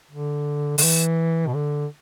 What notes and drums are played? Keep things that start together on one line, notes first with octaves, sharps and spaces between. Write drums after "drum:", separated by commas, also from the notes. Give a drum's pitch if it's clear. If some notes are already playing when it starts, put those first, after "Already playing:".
D3
D3, drum: open hi-hat
E3
B2
D3